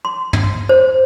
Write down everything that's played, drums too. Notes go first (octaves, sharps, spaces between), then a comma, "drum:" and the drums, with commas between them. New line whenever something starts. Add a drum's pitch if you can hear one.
C6
drum: tom
C5